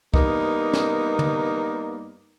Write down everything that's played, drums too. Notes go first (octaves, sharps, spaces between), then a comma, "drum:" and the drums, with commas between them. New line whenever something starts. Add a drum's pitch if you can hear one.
G2 A#3 B3 D#4, drum: kick
drum: snare
drum: tom